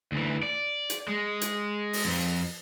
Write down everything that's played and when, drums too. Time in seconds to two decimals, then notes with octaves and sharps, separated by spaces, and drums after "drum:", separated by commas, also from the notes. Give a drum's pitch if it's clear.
0.12 D2 E3
0.43 D5
0.90 drum: hi-hat
1.08 G#3
1.41 drum: hi-hat
1.93 drum: open hi-hat
2.05 F2